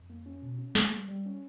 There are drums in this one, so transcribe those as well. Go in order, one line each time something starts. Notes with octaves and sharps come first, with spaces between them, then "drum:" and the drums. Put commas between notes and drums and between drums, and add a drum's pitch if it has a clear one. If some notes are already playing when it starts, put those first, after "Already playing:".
Already playing: F2
A#3
C#4
B2
C#4
A#3, drum: snare
G3
G3
C#4